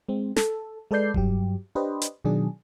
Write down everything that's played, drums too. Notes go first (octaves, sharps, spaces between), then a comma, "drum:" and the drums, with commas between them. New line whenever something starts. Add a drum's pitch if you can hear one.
G#3 C4
A4, drum: snare
G#3 A4 B4 D5 G6 C7
G2 F#3 G4, drum: kick F1
D4 G4 B4 C5 D#5
drum: hi-hat
B2 D#3 F#3 D4 G#4